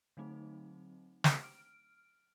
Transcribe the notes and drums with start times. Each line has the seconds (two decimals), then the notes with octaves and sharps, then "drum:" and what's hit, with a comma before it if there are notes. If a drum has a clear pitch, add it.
0.17 D3 F#3 A3 C4 D#4
1.24 drum: snare
1.43 F6 D7